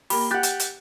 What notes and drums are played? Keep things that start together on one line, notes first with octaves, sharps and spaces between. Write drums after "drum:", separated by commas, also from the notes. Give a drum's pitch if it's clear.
A#3 G4 B5, drum: open hi-hat
G4 F#5 F#6 G6 A6
drum: hi-hat
drum: hi-hat